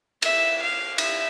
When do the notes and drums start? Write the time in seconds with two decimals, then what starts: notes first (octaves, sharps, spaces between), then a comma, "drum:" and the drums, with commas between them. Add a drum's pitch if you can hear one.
0.22 E5, drum: cymbal
0.61 F5
0.98 E5, drum: cymbal